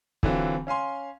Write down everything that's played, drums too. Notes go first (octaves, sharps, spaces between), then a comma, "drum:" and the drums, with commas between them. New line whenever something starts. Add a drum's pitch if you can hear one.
D3 E3 F#3 C4 F4, drum: kick
C#4 F5 G#5 C6